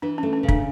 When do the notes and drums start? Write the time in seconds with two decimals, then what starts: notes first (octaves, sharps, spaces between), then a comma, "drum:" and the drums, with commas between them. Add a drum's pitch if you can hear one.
0.02 E3 D4
0.18 A3 C#4
0.33 C#4
0.43 C#3
0.48 D4, drum: kick